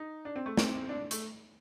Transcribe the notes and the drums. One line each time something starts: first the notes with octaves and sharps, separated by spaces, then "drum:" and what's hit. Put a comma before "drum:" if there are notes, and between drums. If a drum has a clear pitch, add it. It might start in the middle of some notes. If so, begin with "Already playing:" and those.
Already playing: D#4
D4
C4
A3
C4, drum: snare
D4
A3, drum: hi-hat